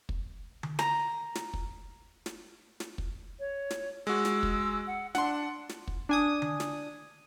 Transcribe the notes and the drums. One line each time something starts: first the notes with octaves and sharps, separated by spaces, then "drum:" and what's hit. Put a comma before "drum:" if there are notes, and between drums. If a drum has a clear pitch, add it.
drum: kick
drum: tom D3
A#5, drum: snare
drum: snare
drum: kick
drum: snare
drum: snare
drum: kick
C#5
drum: snare
G#3 F#4 E6
drum: snare
drum: kick
F#5
D4 F#5 C6, drum: snare
drum: snare
drum: kick
D4 G#5 D#6
drum: tom D3
drum: snare